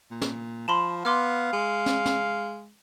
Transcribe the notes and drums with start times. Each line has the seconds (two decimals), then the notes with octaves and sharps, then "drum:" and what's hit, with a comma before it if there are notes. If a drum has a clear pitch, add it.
0.11 A#2
0.21 drum: snare
0.68 F3 A5 B5 C6
1.05 B3 F5 C6 D6 F6
1.53 G#3
1.86 drum: snare
2.05 drum: snare